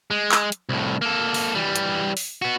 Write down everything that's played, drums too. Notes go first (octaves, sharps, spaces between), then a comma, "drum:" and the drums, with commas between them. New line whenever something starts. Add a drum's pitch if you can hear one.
G#3
drum: clap
drum: hi-hat
C2 A2
A#3 A4
drum: open hi-hat
E3 G3
drum: hi-hat
drum: open hi-hat
B3 F#4